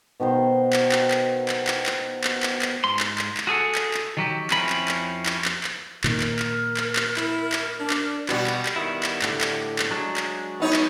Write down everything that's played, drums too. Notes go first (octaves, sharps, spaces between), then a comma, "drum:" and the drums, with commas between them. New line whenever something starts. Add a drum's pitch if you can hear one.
B2 D#3 B3 C5
drum: clap
drum: clap
drum: clap
drum: clap
drum: clap
drum: clap
drum: clap
drum: clap
drum: clap
G#2 C6
drum: clap
drum: clap
drum: clap
F#4 G#4 A4 F#5
drum: clap
drum: clap
D#3 F#3 G4
F2 C4 C#4 E4 B5, drum: clap
drum: clap
drum: clap
drum: clap
drum: clap
drum: clap
A#2 D#3 A#4, drum: clap
drum: clap
drum: clap
drum: clap
drum: clap
E4, drum: clap
drum: clap
D4 A#4
drum: clap
B2 G3 B3 F#4, drum: clap
drum: clap
drum: clap
D#3 B3 E4
drum: clap
A2 D3, drum: clap
drum: clap
drum: clap
F#3 G#3 D4
drum: clap
B3 D#4 C#5
drum: clap